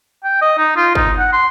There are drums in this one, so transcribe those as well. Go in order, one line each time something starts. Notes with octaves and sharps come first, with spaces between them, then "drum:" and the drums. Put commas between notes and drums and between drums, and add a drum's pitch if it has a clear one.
G5
D#5
D#4
F4
D#4, drum: kick G1
F#5
C6